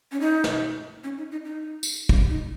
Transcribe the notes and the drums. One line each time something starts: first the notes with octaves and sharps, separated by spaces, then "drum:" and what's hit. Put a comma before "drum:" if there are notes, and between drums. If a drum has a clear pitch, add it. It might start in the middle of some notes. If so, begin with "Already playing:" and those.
C#4
D#4
drum: snare
C#4
D#4
D#4
D#4
drum: tambourine
drum: kick
D#4